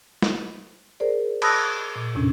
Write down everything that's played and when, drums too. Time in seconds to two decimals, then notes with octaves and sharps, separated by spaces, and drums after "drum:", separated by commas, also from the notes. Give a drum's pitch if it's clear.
0.22 drum: snare
1.00 G#4 A#4 C5 D5
1.42 A5 B5 D#6 E6 F#6 A#6, drum: cymbal
1.96 A#2
2.15 E2 A2 C3 C#4 D4